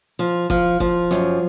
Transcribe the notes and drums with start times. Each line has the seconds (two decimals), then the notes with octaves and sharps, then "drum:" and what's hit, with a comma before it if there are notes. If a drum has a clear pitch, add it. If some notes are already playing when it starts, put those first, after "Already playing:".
0.19 F3
0.50 F3, drum: kick
0.80 F3, drum: kick
1.11 F#2, drum: hi-hat